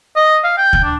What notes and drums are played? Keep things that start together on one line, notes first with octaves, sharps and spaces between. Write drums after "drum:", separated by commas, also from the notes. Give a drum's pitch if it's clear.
D#5
F5
G5
drum: kick D2
D4